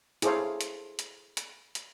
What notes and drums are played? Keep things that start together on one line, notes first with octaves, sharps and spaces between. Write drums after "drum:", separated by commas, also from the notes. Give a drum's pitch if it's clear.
E4 G#4 A4 C5 C#5 F5, drum: hi-hat
drum: hi-hat
drum: hi-hat
drum: hi-hat
drum: hi-hat